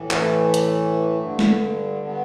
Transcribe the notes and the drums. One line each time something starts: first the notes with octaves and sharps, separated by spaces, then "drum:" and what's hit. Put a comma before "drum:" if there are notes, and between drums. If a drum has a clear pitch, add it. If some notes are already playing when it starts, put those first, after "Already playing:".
Already playing: A2 E3
A3, drum: clap
drum: hi-hat
G2 D3
drum: snare
B3